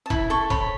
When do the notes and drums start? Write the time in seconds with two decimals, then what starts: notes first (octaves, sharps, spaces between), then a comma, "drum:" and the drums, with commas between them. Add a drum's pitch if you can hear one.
0.06 A5
0.10 E4 B5, drum: kick E1
0.30 A4 C#6
0.50 C#5 B5, drum: kick E1